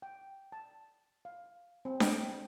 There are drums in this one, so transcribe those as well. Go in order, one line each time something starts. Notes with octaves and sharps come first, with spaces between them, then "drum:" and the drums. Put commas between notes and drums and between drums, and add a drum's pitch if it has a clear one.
G5
A5
F5
C4
G5, drum: snare D4